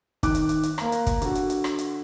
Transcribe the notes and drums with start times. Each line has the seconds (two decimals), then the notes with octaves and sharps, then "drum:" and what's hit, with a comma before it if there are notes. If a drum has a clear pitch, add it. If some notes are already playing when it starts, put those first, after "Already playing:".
0.23 D#3 D6 F#6, drum: kick, hi-hat
0.35 drum: hi-hat
0.49 drum: hi-hat
0.63 drum: hi-hat
0.78 A#3 A#5, drum: rim click
0.92 drum: hi-hat
1.07 drum: kick, hi-hat
1.22 D3 F#4, drum: hi-hat
1.35 drum: hi-hat
1.50 drum: hi-hat
1.64 drum: rim click
1.78 drum: hi-hat